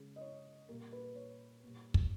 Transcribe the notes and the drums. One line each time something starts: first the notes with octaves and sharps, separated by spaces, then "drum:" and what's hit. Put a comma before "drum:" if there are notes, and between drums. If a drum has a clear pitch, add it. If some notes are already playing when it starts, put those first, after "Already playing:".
Already playing: C#3 G#3
D#5
C#5
A#2 G3 A#4
B4
C#5
A#2 G3
drum: kick